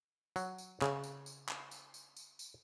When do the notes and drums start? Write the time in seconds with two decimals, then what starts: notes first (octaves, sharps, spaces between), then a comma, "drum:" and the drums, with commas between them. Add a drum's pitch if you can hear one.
0.36 F#3, drum: tambourine
0.58 drum: tambourine
0.82 C#3, drum: clap
1.04 drum: tambourine
1.26 drum: tambourine
1.49 drum: clap
1.71 drum: tambourine
1.94 drum: tambourine
2.17 drum: tambourine
2.39 drum: tambourine